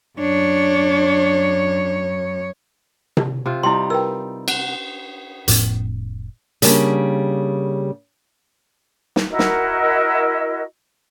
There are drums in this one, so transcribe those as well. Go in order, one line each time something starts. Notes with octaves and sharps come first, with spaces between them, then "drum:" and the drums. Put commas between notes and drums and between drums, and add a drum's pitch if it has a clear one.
F#2 D4 C#5
drum: tom C3
C3 F4
G3 D#4 E4 C6
A#4 B4 G5 E6
F#5, drum: cymbal
F1 A2 B3 C#4, drum: hi-hat
C#3 G3 A#3 D4, drum: hi-hat
drum: snare
E4 F#4 A#4 D#5
drum: snare